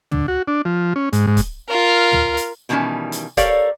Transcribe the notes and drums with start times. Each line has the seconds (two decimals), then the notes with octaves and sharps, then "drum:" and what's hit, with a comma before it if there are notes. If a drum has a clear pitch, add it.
0.12 D3, drum: tom
0.28 F#4
0.48 D4
0.65 F3
0.96 C#4
1.13 G#2, drum: hi-hat
1.27 G#2
1.37 drum: kick, hi-hat
1.69 F4 A#4
2.12 drum: tom
2.37 drum: hi-hat
2.69 B2 D#3 E3 G3 C#4 A5
3.12 drum: hi-hat
3.37 G4 A4 A#4 C#5 D5 F5, drum: kick, hi-hat